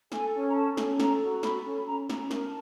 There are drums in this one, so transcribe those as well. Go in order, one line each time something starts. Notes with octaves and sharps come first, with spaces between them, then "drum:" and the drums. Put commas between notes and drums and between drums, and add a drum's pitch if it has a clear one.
A4 G#5, drum: snare
C#4
A#5
A4 A5
C#4, drum: snare
A4 A#5, drum: snare
F#4
A#5
A4 B5, drum: snare
C#4
B5
C#4 A#5
C#4, drum: snare
A#5
A#4, drum: snare
A5